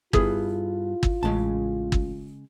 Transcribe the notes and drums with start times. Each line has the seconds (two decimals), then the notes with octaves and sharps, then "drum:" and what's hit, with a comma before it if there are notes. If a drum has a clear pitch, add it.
0.13 G2 B3 E4 F4 G#4, drum: kick
1.03 drum: kick
1.23 A1 C#3 G#3 A5
1.92 drum: kick